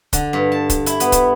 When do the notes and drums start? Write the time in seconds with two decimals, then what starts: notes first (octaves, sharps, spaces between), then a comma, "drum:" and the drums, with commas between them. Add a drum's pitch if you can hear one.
0.13 D3, drum: kick, hi-hat
0.33 G2
0.52 A5
0.70 drum: kick, hi-hat
0.86 E4, drum: hi-hat
1.00 B3, drum: hi-hat
1.12 drum: kick, hi-hat